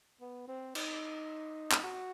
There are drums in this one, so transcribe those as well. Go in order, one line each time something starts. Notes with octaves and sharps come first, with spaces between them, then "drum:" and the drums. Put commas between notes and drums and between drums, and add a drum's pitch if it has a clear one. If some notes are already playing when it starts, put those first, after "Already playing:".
B3
C4
D#4, drum: cymbal
drum: clap
F#4